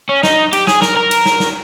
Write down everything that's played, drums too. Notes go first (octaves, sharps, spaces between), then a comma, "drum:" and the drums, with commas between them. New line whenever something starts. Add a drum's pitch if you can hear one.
C#4
D#4, drum: snare
G4, drum: cymbal
G#4, drum: snare
A#4, drum: snare
A#4
drum: cymbal
drum: snare
drum: snare